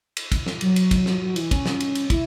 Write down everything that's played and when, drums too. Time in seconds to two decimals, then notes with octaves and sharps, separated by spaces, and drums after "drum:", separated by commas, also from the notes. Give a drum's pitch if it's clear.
0.17 drum: cymbal
0.32 drum: kick, cymbal
0.46 drum: snare
0.61 F#3, drum: cymbal
0.76 drum: cymbal
0.91 drum: kick, cymbal
1.06 drum: snare
1.21 F#3
1.36 E3, drum: cymbal
1.51 C#4, drum: kick, cymbal
1.66 drum: snare
1.80 drum: cymbal
1.95 drum: cymbal
2.10 E4, drum: kick, cymbal